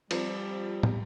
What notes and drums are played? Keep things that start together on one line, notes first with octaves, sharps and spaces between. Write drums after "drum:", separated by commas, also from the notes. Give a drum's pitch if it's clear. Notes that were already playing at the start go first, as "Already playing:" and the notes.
F3 G3 C4, drum: cymbal
drum: tom